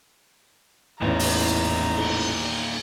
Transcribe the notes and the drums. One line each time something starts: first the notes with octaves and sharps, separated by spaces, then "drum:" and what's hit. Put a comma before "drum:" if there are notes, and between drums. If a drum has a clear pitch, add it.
A1 E2 A#2 C#4 D#4 A#5
drum: open hi-hat
drum: cymbal